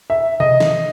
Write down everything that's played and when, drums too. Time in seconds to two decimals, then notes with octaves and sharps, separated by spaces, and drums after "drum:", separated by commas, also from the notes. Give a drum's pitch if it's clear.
0.10 E5
0.40 D#5, drum: tom B2
0.60 drum: snare D#3